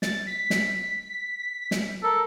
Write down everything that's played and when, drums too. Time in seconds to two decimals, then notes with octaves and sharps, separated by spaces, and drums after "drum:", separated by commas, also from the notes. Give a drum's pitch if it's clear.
0.02 A6, drum: snare
0.27 B6
0.50 drum: snare
1.71 drum: snare
2.04 A4 A#4